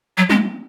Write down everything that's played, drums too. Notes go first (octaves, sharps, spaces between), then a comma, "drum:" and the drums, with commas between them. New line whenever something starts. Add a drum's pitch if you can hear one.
F#3
G#3, drum: tom